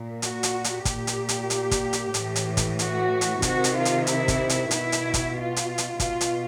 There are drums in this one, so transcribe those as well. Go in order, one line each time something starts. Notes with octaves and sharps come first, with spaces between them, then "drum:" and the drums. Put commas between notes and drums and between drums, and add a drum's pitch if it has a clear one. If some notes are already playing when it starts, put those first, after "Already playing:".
Already playing: A#2
F#4, drum: hi-hat
drum: hi-hat
drum: hi-hat
A#2 G4, drum: kick, hi-hat
drum: hi-hat
drum: hi-hat
drum: hi-hat
drum: kick, hi-hat
drum: hi-hat
A2 E3, drum: hi-hat
drum: hi-hat
drum: kick, hi-hat
F#4, drum: hi-hat
drum: hi-hat
C3 D#3 F#4, drum: kick, hi-hat
drum: hi-hat
F4
drum: hi-hat
E4, drum: hi-hat
drum: kick, hi-hat
drum: hi-hat
B2 E4, drum: hi-hat
drum: hi-hat
drum: kick, hi-hat
F4
drum: hi-hat
drum: hi-hat
B2 F4, drum: kick, hi-hat
drum: hi-hat